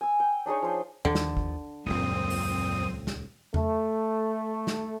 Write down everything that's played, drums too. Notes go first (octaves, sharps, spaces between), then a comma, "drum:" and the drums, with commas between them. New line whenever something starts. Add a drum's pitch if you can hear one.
G#5 E6
G5
D4 D#4 G#4 C#5
F3 C5
D#2 D3 D#3 F3
drum: snare
drum: kick
D#1 G#1 C#2 F#2 A#2 C4 D#6
drum: open hi-hat
drum: snare
A3, drum: tom E2
drum: snare